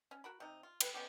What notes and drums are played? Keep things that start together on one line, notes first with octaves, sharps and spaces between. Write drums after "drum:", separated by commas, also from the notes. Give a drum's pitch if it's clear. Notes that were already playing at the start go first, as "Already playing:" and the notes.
C#4
F#4 A#4 B5
C3 D#4
F4
G3 B4, drum: cymbal
B3 C#4 G4